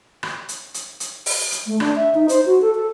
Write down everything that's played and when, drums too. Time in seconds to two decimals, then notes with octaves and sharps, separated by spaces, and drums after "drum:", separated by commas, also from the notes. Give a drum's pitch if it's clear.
0.23 drum: rim click
0.49 drum: hi-hat
0.74 drum: hi-hat
1.00 drum: hi-hat
1.26 drum: open hi-hat
1.52 drum: hi-hat
1.67 A3
1.80 D4, drum: rim click
1.96 E5
2.15 D#4
2.29 C5, drum: hi-hat
2.46 F#4
2.62 A4
2.75 A4